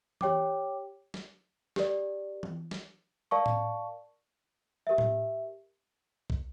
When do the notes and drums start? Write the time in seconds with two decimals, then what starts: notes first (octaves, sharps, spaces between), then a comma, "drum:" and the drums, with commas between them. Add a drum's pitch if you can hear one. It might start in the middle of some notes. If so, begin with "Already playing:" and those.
0.21 G4 C#5 G5 D6, drum: tom E3
1.14 drum: snare
1.76 G4 A#4 D5, drum: snare
2.43 drum: tom E3
2.71 drum: snare
3.31 A#4 D5 F5 A5 C#6
3.46 drum: tom A2
4.87 G4 A#4 E5
4.98 drum: tom A2
6.30 drum: kick